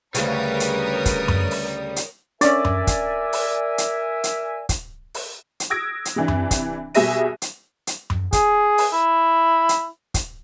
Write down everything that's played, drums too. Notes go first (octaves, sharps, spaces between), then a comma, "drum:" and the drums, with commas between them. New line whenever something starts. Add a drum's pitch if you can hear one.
D2 C#3 G3 A#4 B4 C#5 D#6, drum: hi-hat
drum: hi-hat
drum: kick, hi-hat
drum: tom F#2
drum: open hi-hat
drum: hi-hat
C#4 D4 A#4 D5 E5 G#5, drum: hi-hat
drum: tom F#2
drum: kick, hi-hat
drum: open hi-hat
drum: hi-hat
drum: hi-hat
drum: kick, hi-hat
drum: open hi-hat
drum: hi-hat
D#6 E6 G#6 A#6 D7
drum: hi-hat
C3 E3 D4
drum: tom F#2
drum: kick, hi-hat
B2 G3 G#4 E5 A#6 D#7, drum: open hi-hat
drum: hi-hat
drum: hi-hat
drum: tom F#2
G#4, drum: kick, hi-hat
drum: open hi-hat
E4
drum: hi-hat
drum: kick, hi-hat